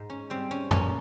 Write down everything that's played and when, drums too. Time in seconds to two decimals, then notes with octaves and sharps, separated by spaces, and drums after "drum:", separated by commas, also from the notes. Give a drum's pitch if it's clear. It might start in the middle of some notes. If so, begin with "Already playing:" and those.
Already playing: G#2
0.10 C#4
0.30 G3 C4
0.51 C#4
0.71 A#2 C#4, drum: tom